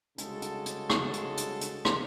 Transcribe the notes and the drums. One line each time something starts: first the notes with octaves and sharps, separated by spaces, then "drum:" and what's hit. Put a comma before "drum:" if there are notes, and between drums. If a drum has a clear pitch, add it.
C2 C#3 G#3 F#4 A4 A5, drum: hi-hat
drum: hi-hat
drum: hi-hat
drum: rim click
drum: hi-hat
drum: hi-hat
drum: hi-hat
drum: rim click